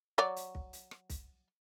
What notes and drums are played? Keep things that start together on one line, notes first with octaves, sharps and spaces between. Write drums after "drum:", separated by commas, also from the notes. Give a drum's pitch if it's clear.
F#3 C#5 D5
drum: hi-hat
drum: kick
drum: hi-hat
drum: rim click
drum: kick, hi-hat